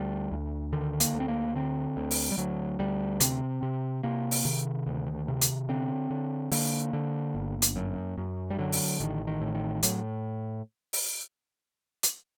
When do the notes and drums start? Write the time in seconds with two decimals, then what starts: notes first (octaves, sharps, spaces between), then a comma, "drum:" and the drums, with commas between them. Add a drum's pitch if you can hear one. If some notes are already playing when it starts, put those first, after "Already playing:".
Already playing: D2 G3
0.32 D2
0.73 D3 D#3
1.00 A#3, drum: hi-hat
1.14 D2
1.20 C4
1.28 A#3
1.56 D3 C4
1.97 D2
2.11 drum: open hi-hat
2.32 G3
2.38 D2 F#3
2.79 D2 G3
3.21 C3 C4, drum: hi-hat
3.62 C3
4.03 C3 A#3
4.31 drum: open hi-hat
4.45 C3 D#3
4.86 D2
5.28 C3
5.41 drum: hi-hat
5.69 D3 C4
6.10 D3
6.52 D3 A#3, drum: open hi-hat
6.93 D3
7.35 G1
7.62 drum: hi-hat
7.76 F#2
8.18 F#2
8.50 G3
8.58 D3 F#3
8.72 drum: open hi-hat
9.00 A1 D#3
9.27 D#3
9.41 A2
9.55 D#3
9.83 A2 F#3, drum: hi-hat
10.93 drum: open hi-hat
12.03 drum: hi-hat